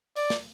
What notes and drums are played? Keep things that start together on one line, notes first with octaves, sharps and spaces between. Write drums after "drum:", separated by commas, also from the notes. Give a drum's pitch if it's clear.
D5, drum: open hi-hat
drum: snare